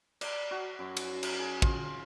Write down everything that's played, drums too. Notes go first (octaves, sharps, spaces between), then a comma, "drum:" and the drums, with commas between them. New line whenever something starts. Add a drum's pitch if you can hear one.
D5, drum: cymbal
F#4
F#2
drum: cymbal
drum: cymbal
G#4
F4, drum: kick